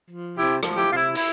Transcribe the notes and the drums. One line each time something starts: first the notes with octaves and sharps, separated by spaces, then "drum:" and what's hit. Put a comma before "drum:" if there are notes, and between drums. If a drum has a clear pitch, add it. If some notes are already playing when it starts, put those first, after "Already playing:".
F3
C3 E4 G4
F3, drum: rim click
E4 G4
C3 F4
E4
E4, drum: open hi-hat